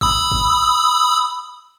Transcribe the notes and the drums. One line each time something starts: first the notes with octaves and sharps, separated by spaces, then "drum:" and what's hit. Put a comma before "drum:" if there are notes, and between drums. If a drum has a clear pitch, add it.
B5 D#6 E6, drum: kick
drum: kick